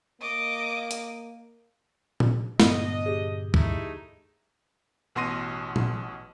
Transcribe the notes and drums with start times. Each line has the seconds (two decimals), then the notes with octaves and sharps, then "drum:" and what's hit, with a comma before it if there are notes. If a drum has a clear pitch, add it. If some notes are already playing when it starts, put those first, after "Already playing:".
0.21 A#3 D#5 D6
0.91 drum: hi-hat
2.20 drum: tom A#2
2.60 G2 A#2 D3 B3 D4 D#5, drum: snare
3.06 G4 G#4
3.54 A3 D#4 E4, drum: kick
5.15 A1 B2 F#4 C6 A#6 D#7
5.76 drum: tom A#2